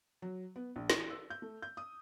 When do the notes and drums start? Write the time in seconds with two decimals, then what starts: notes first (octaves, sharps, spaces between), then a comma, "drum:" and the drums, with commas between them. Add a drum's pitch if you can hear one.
0.22 F#3
0.56 B3
0.76 A#1
0.90 E3, drum: snare
1.10 E6
1.30 G6
1.42 A3
1.62 G6
1.77 D#6